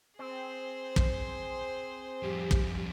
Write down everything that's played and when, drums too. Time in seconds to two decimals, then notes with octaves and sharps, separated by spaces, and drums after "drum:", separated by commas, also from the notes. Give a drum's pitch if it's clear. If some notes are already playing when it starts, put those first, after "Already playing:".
0.19 C4 G#4 C5
0.96 drum: kick
2.23 F2 G3 G4
2.51 drum: kick